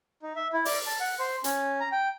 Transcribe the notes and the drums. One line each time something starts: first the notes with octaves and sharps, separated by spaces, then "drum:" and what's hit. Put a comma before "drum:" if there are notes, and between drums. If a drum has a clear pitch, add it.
D#4
E5
E4
D5, drum: open hi-hat
A5
F#5
C5
C#4, drum: hi-hat
A#5
G5